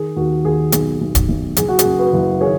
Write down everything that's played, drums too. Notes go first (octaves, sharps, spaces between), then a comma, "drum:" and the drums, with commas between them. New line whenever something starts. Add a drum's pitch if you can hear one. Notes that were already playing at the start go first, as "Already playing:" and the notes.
Already playing: D#3 G#4
D#2 F#4
D#2 G#4
B1 G#4, drum: hi-hat
B1
drum: kick, hi-hat
B1
F#1 G#4, drum: hi-hat
F#4
G#4, drum: hi-hat
F#2
F#4 B4
F#1
D#3 G#4 C#5